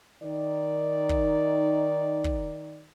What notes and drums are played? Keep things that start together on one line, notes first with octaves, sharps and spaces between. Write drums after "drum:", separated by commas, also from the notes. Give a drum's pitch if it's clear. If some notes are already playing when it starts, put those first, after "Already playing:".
D#3 D#4 D5
drum: kick
drum: kick